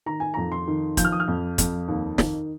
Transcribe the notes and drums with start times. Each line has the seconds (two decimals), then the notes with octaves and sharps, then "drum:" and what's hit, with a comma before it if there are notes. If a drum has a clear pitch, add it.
0.06 D#3 A#5
0.20 G#5
0.34 F2 A#5
0.52 C6
0.68 D#3
0.97 F3 G6, drum: kick, hi-hat
1.05 F6
1.12 D#6
1.20 F6
1.28 F2
1.58 F2, drum: kick, hi-hat
1.88 D#2
2.18 D#3, drum: snare